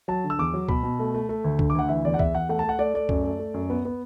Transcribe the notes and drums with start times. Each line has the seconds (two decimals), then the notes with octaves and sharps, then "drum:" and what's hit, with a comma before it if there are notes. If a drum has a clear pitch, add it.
0.08 F#3 A5
0.24 D3
0.30 E6
0.39 E2 D6
0.54 F#3
0.69 B2 B5, drum: kick C#2
0.83 B2
0.99 A3
1.14 A3
1.29 A3
1.44 D2
1.59 D3, drum: kick C#2
1.70 D6
1.75 D2 F#5
1.89 E3 E5
2.04 E2 D5
2.14 F#5
2.19 E2 E5, drum: kick C#2
2.35 E2 F#5
2.49 A3 F#5
2.59 A5
2.64 A3
2.69 F#5
2.79 A3 D5
2.94 A3 D5
3.09 F#2, drum: kick C#2
3.24 A3
3.39 A3
3.54 F#2
3.70 B3
3.85 B3